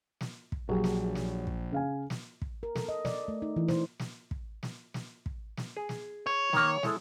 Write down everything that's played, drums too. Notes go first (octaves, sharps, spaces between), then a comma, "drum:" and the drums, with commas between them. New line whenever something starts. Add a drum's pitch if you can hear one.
drum: snare
drum: kick
A#1 F#3 G4 G#4
drum: snare
drum: snare
drum: kick
C#3 F5 G#5
drum: snare
drum: kick
A#4
A4, drum: snare
D#5
D5, drum: snare
A3
D#4
E3
C5, drum: snare
drum: snare
drum: kick
drum: snare
drum: snare
drum: kick
drum: snare
G#4
drum: snare
C#5
D#3 A#3, drum: snare
G#3 E4 A4, drum: snare